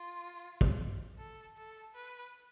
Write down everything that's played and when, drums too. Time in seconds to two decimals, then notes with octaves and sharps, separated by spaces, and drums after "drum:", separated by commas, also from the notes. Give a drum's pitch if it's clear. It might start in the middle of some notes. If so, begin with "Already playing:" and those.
Already playing: F4
0.61 drum: kick
1.19 A4
1.57 A4
1.95 B4